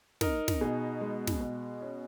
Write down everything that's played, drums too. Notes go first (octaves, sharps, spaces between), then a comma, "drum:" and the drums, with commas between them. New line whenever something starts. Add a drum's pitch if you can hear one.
D#4 A#4, drum: snare
drum: snare
B2 G#4
G#3
drum: snare
B2
C#4